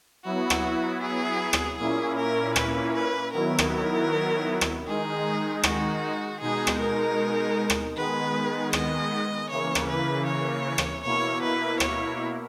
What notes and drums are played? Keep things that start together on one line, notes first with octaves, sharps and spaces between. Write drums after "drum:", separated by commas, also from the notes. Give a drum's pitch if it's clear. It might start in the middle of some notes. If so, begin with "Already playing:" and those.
F#3 B3 E4 F#4
drum: rim click
G#4
drum: rim click
A#2 A#3 C#4 E4 G#4
A#4
B4, drum: rim click
B4
D#3 F#3 B3 E4 A#4
drum: rim click
drum: rim click
D#3 G#3 D#4 G#4
F#4, drum: rim click
B2 G#3 D#4 G#4
drum: rim click
A#4
drum: rim click
D#3 G#3 B3 B4
D#5, drum: rim click
C#3 E3 A#3 C#5
drum: rim click
B4
C#5
drum: rim click
B2 A#3 E4 C#5
B4
C#5, drum: rim click